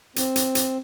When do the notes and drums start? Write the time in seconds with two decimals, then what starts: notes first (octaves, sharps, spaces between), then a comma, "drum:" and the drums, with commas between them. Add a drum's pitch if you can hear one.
0.16 C4, drum: hi-hat
0.36 drum: hi-hat
0.55 drum: hi-hat